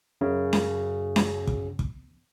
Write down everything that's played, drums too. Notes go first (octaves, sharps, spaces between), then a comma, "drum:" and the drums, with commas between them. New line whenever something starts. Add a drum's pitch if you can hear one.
F#2 C#3
drum: snare C#4
drum: snare C#4
drum: kick
drum: kick